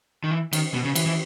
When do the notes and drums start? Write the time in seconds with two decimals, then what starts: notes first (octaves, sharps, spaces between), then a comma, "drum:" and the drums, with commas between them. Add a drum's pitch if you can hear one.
0.24 D#3
0.31 E3
0.53 D#3, drum: cymbal
0.74 B2
0.85 C#3
0.95 E3, drum: cymbal
1.06 E3